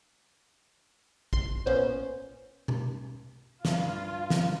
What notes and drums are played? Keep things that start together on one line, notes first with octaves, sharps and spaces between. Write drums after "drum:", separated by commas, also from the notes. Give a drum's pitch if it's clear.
C6, drum: kick A1
A#2 B3 C#4 C5
drum: tom B2
G2 F4, drum: snare
drum: snare